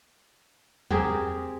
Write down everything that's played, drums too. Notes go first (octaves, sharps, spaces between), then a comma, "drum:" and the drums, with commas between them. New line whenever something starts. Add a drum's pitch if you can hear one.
C4 G4 G#4 A#4, drum: tom E2